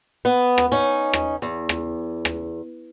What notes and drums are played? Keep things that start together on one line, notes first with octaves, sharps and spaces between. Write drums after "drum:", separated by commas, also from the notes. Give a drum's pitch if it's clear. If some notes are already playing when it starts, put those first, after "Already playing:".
B3
drum: rim click
C#4 D#4
drum: rim click
E2
drum: rim click
drum: rim click